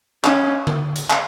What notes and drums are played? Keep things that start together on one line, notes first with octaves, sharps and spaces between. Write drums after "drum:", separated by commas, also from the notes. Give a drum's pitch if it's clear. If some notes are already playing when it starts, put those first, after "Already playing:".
C#4, drum: clap
drum: tom D3
drum: hi-hat
drum: clap